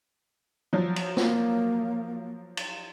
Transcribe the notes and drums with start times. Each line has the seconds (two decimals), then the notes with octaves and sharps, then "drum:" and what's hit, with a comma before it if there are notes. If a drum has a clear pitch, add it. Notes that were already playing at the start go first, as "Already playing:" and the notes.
0.73 F3 F#3
0.96 drum: cymbal
1.17 A#3, drum: snare
2.57 drum: cymbal